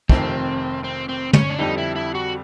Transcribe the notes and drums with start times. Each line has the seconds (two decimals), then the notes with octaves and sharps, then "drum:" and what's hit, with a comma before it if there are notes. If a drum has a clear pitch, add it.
0.09 F1 F2 C3 D#3 C4, drum: kick
0.84 C4
1.09 C4
1.33 C#4, drum: tom
1.50 D4
1.59 F2 D3 G3 D#4
1.78 E4
1.96 E4
2.15 F#4